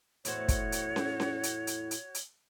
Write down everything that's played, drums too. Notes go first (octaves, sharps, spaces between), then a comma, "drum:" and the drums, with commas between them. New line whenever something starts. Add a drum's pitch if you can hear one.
E2 A2 F#4 C5 C#5, drum: hi-hat
drum: kick, hi-hat
drum: hi-hat
drum: snare C#4
drum: snare C#4
drum: hi-hat
drum: hi-hat
drum: hi-hat
drum: hi-hat